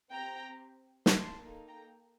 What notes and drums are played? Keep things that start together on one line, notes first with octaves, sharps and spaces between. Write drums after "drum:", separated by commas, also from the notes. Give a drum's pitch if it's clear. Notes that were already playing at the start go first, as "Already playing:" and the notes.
C4 G4 G5 A#5
A5 C6, drum: snare
A#3 D#4 A4
G5 A#5